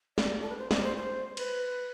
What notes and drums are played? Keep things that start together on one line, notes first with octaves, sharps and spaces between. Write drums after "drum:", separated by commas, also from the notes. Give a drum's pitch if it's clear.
D5, drum: snare
A4
B4
C5
D5, drum: snare
C5
C5
B4, drum: cymbal